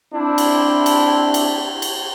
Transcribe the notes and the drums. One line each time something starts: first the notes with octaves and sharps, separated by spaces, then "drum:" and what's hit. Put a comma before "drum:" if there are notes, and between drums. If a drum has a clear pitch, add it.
C4 D4 E4
drum: cymbal
drum: cymbal
drum: cymbal
drum: cymbal